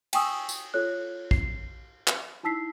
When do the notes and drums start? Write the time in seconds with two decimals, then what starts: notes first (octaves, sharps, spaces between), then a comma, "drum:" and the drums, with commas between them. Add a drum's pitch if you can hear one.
0.13 G5 G#5 C#6 D#6 E6, drum: cymbal
0.49 drum: tambourine
0.74 F4 A4 C#5 F#6
1.31 C7, drum: kick A#1
2.07 drum: clap
2.43 D#4 E4 A5 E6 B6 C7